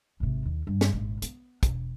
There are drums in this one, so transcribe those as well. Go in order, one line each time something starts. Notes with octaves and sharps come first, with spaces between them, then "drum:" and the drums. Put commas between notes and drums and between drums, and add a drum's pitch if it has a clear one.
G#1 C3
D#2
G2
drum: snare
G#1 A#2
B3, drum: hi-hat
E1, drum: kick, hi-hat